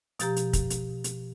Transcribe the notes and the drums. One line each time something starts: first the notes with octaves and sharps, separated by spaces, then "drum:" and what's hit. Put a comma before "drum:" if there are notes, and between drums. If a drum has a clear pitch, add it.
B2 F3 G4 A#5, drum: hi-hat
drum: hi-hat
drum: kick, hi-hat
drum: hi-hat
drum: hi-hat